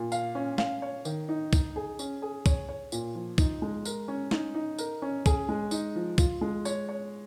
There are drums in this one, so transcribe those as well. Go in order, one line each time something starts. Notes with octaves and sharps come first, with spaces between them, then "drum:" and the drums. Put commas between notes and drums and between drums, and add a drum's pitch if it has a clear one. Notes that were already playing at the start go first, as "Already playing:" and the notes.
Already playing: A#2
F5, drum: tambourine
C#4
F5, drum: snare
C#5
D#3, drum: tambourine
D#4
D#4, drum: kick, tambourine
G#4
C#4, drum: tambourine
G#4
C#5, drum: kick, tambourine
C#5
A#2, drum: tambourine
F3
D#4, drum: kick, tambourine
G#3
A#4, drum: tambourine
C#4
D#4, drum: snare
D#4
A#4, drum: tambourine
C#4
G#4, drum: kick, tambourine
G#3
D#4, drum: tambourine
F3
F4, drum: kick, tambourine
G#3
C#5, drum: tambourine
C#5